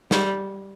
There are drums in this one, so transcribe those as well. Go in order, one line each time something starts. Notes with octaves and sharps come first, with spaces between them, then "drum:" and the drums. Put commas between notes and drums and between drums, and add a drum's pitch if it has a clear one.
G3, drum: snare